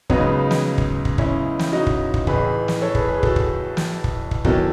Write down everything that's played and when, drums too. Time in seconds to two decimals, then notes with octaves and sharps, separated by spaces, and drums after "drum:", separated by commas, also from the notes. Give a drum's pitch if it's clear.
0.10 C#2 C#3 F#3 B3 D#4, drum: kick
0.51 drum: snare
0.78 drum: kick
1.05 drum: kick
1.18 C#4 E4, drum: kick
1.59 drum: snare
1.72 D#4 F#4
1.87 drum: kick
2.14 drum: kick
2.27 A1 A2 E3 G#4 B4, drum: kick
2.68 drum: snare
2.81 A4 C#5
2.95 G#4 B4, drum: kick
3.08 G#4 B4
3.23 F#4 A4, drum: kick
3.36 drum: kick
3.77 drum: snare
4.04 drum: kick
4.31 drum: kick
4.45 E2 D#3 F#3 F#4 A4, drum: kick